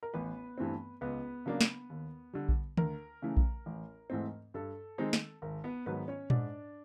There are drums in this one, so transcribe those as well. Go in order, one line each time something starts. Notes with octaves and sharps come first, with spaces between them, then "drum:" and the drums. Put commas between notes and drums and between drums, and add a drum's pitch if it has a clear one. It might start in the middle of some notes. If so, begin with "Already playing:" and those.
A#4
A1 B3 B4
G2 E3 A3 C4
C#2 B3 B4
C#3 F#3 A#3 D4
drum: snare
D#2
D3 G3
drum: kick A#1
D2 A#4, drum: tom D#3
C#3 E3 A3
drum: kick A#1
A1
G#2 E3 A3 C4
G2 A4
D#3 G#3 C4 D#4
drum: snare
G#1 A#4
B3 B4
G#2 D#3 F#3 B3 B4
C#4 C#5
G#2 D4 D5, drum: tom A#2